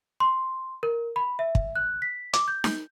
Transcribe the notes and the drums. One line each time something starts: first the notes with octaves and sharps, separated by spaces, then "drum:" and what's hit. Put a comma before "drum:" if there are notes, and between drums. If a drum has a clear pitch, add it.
C6
A#4
B5
E5
drum: kick
F#6
B6
D6, drum: hi-hat
G6
drum: snare D#4